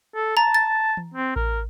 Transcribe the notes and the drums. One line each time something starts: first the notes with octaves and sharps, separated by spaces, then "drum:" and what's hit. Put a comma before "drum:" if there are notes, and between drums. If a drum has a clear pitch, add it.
A4
A5 A#5
A6
drum: tom E3
C4
A#4, drum: kick A1